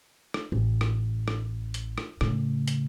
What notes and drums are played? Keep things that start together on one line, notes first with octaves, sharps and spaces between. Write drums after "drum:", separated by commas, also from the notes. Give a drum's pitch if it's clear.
drum: rim click
A1
drum: rim click
drum: rim click
drum: hi-hat
drum: rim click
A2 C#3, drum: rim click
drum: hi-hat